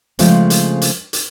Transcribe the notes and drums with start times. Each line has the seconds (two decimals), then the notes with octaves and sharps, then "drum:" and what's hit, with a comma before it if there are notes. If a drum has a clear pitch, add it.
0.19 C#3 F3 G#3 A3 C4, drum: hi-hat
0.50 drum: hi-hat
0.82 drum: hi-hat
1.13 drum: hi-hat